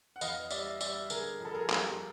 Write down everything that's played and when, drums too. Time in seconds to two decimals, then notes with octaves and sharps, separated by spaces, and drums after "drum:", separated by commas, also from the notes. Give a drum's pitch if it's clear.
0.16 F#5
0.21 E2 D#5 F5, drum: tambourine
0.50 G3 D5 E5, drum: tambourine
0.81 G3 D5 E5, drum: tambourine
1.10 D3 G#4 A#4, drum: tambourine
1.40 F2 A4
1.54 G#4 A#4
1.70 G3, drum: clap